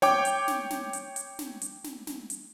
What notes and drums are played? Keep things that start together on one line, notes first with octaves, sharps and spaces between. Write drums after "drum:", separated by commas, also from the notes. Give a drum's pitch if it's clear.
C#5 G5 D6, drum: snare
drum: hi-hat
drum: snare
drum: snare
drum: hi-hat
drum: hi-hat
drum: snare
drum: hi-hat
drum: snare
drum: snare
drum: hi-hat